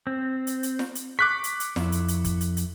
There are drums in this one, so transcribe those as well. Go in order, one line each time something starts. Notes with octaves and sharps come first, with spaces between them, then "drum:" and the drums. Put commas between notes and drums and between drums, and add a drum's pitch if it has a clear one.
C4
drum: hi-hat
drum: hi-hat
drum: snare
drum: hi-hat
C#6 D6 F#6 B6
drum: hi-hat
drum: hi-hat
F2 E4, drum: snare
drum: hi-hat
drum: hi-hat
drum: kick, hi-hat
drum: hi-hat
drum: hi-hat